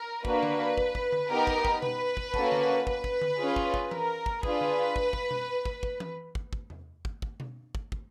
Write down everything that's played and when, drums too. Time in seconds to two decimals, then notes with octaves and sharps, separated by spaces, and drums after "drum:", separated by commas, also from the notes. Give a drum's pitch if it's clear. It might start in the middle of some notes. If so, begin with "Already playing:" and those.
Already playing: A#4
0.25 A#3 D4 F#4 B4, drum: kick
0.43 drum: tom D3
0.78 drum: kick
0.95 drum: kick
1.12 drum: tom D3
1.30 B3 D#4 G4 A#4
1.47 drum: kick
1.65 drum: kick
1.82 B4, drum: tom B2
2.17 drum: kick
2.34 A#3 C#4 F#4 A4, drum: kick
2.52 drum: tom D3
2.87 B4, drum: kick
3.04 drum: kick
3.21 drum: tom D3
3.39 C#4 F4 G#4
3.56 drum: kick
3.74 drum: kick
3.91 A#4, drum: tom E3
4.26 drum: kick
4.43 D4 F4 G#4 B4, drum: kick
4.61 drum: tom D3
4.96 drum: kick
5.13 drum: kick
5.31 drum: tom B2
5.65 drum: kick
5.83 drum: kick
6.00 drum: tom E3
6.35 drum: kick
6.53 drum: kick
6.70 drum: tom E2
7.05 drum: kick
7.22 drum: kick
7.40 drum: tom B2
7.75 drum: kick
7.92 drum: kick